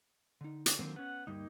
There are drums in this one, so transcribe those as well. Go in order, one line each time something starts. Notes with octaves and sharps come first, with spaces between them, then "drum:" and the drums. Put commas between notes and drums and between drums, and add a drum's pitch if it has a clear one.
D3 D#4
drum: hi-hat
D3 D#3 F#3 A#3 C4
B3 C#4 F#5
D2 G2 G3 A#3 D#4